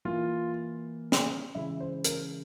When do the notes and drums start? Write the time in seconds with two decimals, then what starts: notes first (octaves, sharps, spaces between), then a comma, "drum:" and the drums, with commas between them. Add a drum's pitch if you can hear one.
0.05 E3 A#3 F4
1.12 drum: snare
1.55 C#3 E3 G#3 E4
1.80 C5
2.04 A#4, drum: hi-hat